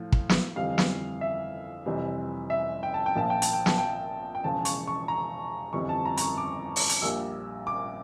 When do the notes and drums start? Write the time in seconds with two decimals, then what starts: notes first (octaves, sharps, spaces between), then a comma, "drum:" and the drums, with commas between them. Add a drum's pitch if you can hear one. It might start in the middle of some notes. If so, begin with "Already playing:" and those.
Already playing: A2 F3
0.12 drum: kick
0.29 drum: snare
0.56 G1 F2 E3 G3 F5
0.78 drum: snare
1.21 E5
1.86 F1 F2 E3 G3
2.50 E5
2.83 G5
2.94 A5
3.06 G5
3.15 A#1 A#2 F3 A5
3.30 G5
3.42 A5, drum: hi-hat
3.53 G5
3.66 A5, drum: snare
3.78 G5
4.35 G5
4.44 E1 E2 C#3 F3 A5
4.65 C#6, drum: hi-hat
4.87 C#6
5.08 A#5
5.73 G1 F2 E3 G3 C#6
5.89 A5
6.05 A#5
6.17 A#5, drum: hi-hat
6.21 C#6
6.38 D6
6.76 drum: open hi-hat
6.89 drum: hi-hat
7.02 A#1 A#2 G3 E6
7.67 D6